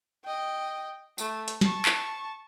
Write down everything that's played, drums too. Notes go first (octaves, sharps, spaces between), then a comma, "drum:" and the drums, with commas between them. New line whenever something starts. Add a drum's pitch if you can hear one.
D#5 G5
A3, drum: tambourine
drum: hi-hat
A5 C#6, drum: snare
drum: clap